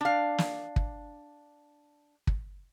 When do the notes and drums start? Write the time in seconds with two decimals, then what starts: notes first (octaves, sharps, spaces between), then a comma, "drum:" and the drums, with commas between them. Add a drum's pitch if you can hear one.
0.01 D4 F5
0.38 drum: snare
0.76 drum: kick
2.27 drum: kick